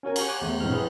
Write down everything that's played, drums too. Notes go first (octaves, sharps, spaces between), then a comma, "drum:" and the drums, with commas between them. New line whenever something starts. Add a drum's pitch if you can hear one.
C#4 F#4 A#4 G#5
G#5 C#6, drum: cymbal
G#5 D6 F#6
E2 A3
A#1 G2 E3 G#3 C4 F6
E4 G#4 B4